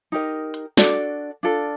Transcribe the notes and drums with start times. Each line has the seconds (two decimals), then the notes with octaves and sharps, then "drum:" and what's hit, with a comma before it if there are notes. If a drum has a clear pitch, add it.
0.12 D#4 G4 A#4 D#5
0.54 drum: hi-hat
0.77 D4 F#4 A4 D5, drum: snare
1.43 D4 F4 A4 D5